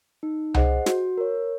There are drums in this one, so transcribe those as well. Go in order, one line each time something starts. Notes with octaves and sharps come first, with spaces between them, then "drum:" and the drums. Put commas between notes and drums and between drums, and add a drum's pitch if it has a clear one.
D#4
G#4 C5 D#5 F#5, drum: tom C2
F#4, drum: snare
A#4 C#5